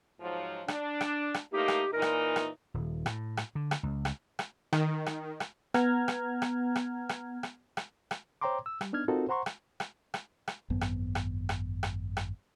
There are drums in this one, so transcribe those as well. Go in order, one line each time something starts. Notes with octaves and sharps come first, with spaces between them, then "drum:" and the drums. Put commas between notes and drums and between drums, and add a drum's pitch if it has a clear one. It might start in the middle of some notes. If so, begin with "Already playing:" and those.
G#2 F3 F#3
D4, drum: rim click
drum: rim click
drum: rim click
A2 A#3 D#4 G4
drum: rim click
A#2 E3 D#4 A#4
drum: rim click
drum: rim click
D#1
A2, drum: rim click
drum: rim click
D3
drum: rim click
C#2
drum: rim click
drum: rim click
D#3, drum: rim click
drum: rim click
drum: rim click
B3 F#5 A#5 F6 G#6, drum: rim click
drum: rim click
drum: rim click
drum: rim click
drum: rim click
drum: rim click
drum: rim click
drum: rim click
C5 C#5 G5 A#5 C6 D6
E6
G3, drum: rim click
B3 D4 D#4 F6 G#6
C4 D#4 F4 F#4 A4 A#4
C5 F#5 A#5 C6 C#6
drum: rim click
drum: rim click
drum: rim click
drum: rim click
G#1 F#2 B3
drum: rim click
drum: rim click
drum: rim click
drum: rim click
drum: rim click